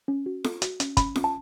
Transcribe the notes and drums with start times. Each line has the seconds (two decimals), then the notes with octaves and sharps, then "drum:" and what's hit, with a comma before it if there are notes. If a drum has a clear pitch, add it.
0.08 C#4
0.26 F#4
0.44 A4, drum: snare F4
0.62 F#4, drum: hi-hat
0.80 C#4, drum: hi-hat
0.97 C#4 B5, drum: kick, hi-hat
1.16 C#4, drum: snare F4
1.24 A5